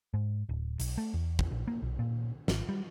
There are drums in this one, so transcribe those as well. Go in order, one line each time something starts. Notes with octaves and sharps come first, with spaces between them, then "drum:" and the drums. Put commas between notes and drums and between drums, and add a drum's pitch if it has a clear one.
G#2
D1
B1, drum: hi-hat
A3
E2
drum: kick
A#1
A#3
B1
A#2
G#1, drum: snare
G3